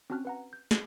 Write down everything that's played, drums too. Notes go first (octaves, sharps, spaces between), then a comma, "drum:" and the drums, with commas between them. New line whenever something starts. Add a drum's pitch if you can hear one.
C4 C#4 F#4 A5 F6 F#6
B4 F#5 A#5
G6
F#4, drum: snare